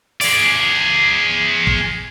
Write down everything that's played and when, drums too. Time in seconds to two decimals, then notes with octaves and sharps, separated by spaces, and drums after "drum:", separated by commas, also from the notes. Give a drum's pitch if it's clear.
0.21 G#4 D5, drum: open hi-hat
1.67 drum: kick